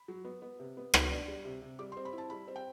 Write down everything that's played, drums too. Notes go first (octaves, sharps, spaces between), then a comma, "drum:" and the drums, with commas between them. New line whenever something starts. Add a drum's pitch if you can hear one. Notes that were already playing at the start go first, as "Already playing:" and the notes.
Already playing: B5
F#3
B3
B3
C3
B3
B3, drum: rim click
D4
G3
C3
C3
G3 D6
C4 C6
B5
E4
A5
G3 B5
C4
G5